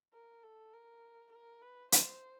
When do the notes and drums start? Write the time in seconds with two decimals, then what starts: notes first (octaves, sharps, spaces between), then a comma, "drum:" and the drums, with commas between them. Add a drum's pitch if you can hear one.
0.13 A#4
0.43 A4
0.73 A#4
1.32 A#4
1.62 B4
1.92 C5, drum: hi-hat